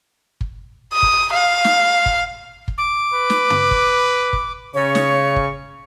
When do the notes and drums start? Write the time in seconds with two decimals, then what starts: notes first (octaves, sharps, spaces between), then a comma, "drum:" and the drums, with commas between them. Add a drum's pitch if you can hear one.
0.41 drum: kick
0.93 D#6
1.03 drum: kick
1.33 F5
1.65 drum: snare
2.06 drum: kick
2.68 drum: kick
2.78 D6
3.13 B4
3.30 drum: snare
3.50 drum: tom
3.71 drum: kick
4.33 drum: kick
4.74 C#3 C#5 C#6
4.95 drum: snare
5.36 drum: kick